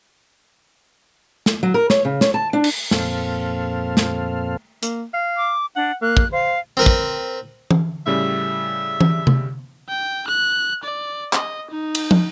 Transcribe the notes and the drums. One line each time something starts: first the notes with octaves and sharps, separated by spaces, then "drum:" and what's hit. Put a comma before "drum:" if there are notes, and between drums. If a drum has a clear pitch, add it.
drum: snare
F#3
A#4
C#5, drum: snare
C#3
C#5, drum: snare
A5
D4
drum: cymbal
F2 A#2 C4 A4 F5, drum: snare
drum: snare
A#3, drum: hi-hat
F5
D6
D4 F#5
A#3 F#6
drum: kick
C5 F5
C4 A#4 B4
drum: kick
drum: tom E3
A2 C#3 G3 E5
drum: tom E3
drum: tom C3
G5
F#6
D5
D#5, drum: clap
D#4
drum: cymbal
drum: tom